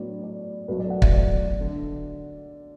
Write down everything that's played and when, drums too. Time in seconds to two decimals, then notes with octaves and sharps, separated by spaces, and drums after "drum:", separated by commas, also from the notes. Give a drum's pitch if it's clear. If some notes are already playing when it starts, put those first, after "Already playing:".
Already playing: A2 F#3 B3 D4 D5
0.23 D5
0.68 B1 A2 F#3 A3 B4
0.80 D5
0.90 F#5
1.02 E5, drum: kick
1.13 D5
1.61 D3